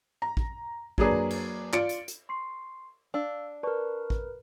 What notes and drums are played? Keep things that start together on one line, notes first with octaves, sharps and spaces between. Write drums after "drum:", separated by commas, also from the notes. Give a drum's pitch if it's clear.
A#5
drum: kick
F#3 A#3 D4 G#4 B4, drum: kick
drum: tom F#2
drum: cymbal
F4 D5 C#7 D7, drum: clap
drum: hi-hat
drum: hi-hat
C6 C#6 C7
D4 F5 E6
A#4 B4 D5 A5 C#6
drum: kick